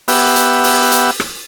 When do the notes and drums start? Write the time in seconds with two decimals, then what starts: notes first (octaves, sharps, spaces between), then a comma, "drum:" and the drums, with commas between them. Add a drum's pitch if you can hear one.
0.08 B3 G4 E5 F#5, drum: open hi-hat
0.36 drum: hi-hat
0.64 drum: open hi-hat
0.92 drum: hi-hat
1.20 drum: rim click